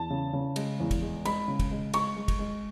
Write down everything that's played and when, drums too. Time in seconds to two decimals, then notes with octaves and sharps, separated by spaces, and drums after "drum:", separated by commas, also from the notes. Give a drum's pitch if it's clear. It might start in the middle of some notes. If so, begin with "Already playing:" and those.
Already playing: E2 A5
0.10 C#3
0.33 C#3
0.56 G#3, drum: cymbal
0.80 E2
0.91 drum: kick, cymbal
1.02 G#3
1.25 G#3 B5, drum: cymbal
1.48 C#3
1.60 drum: kick, cymbal
1.71 G#3
1.93 G#3 C#6, drum: cymbal
2.16 G#3
2.28 drum: kick, cymbal
2.39 G#3